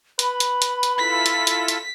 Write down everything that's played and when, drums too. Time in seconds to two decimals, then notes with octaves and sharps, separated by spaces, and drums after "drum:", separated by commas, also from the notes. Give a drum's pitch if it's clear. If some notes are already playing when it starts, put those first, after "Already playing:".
0.19 B4 B5, drum: hi-hat
0.40 drum: hi-hat
0.62 drum: hi-hat
0.83 drum: hi-hat
0.98 E4 F4 A4 B6
1.26 drum: hi-hat
1.47 drum: hi-hat
1.68 drum: hi-hat